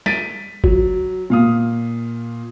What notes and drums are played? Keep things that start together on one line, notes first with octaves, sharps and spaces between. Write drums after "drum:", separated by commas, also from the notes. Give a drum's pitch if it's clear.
A6 B6 D7 D#7, drum: snare G3
F#3, drum: kick F#1
A#2 F5 D#6